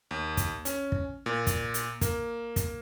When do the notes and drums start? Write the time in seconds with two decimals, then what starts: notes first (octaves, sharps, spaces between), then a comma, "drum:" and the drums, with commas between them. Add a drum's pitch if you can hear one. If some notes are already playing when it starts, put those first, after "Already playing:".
0.11 D#2
0.37 drum: kick, hi-hat
0.65 C#4, drum: hi-hat
0.92 drum: kick
1.26 A#2
1.47 drum: kick, hi-hat
1.74 drum: hi-hat
2.01 A#3, drum: kick, hi-hat
2.56 drum: kick, hi-hat